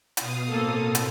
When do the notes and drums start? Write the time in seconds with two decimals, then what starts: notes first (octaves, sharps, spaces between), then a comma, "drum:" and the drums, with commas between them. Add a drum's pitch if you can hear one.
0.17 B2 F5 D#6, drum: hi-hat
0.49 A2 A#3 C4 A4
0.95 drum: hi-hat